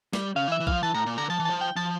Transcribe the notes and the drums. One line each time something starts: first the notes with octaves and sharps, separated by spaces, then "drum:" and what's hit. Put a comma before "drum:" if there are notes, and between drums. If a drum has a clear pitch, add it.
G3, drum: snare
C#3 F5
E3
E5
E3
F3 F5, drum: kick
E3 A5
A2 A#5
A#2
D3 A#5
F3 A5
E3
F3 A5
G5
F3 A5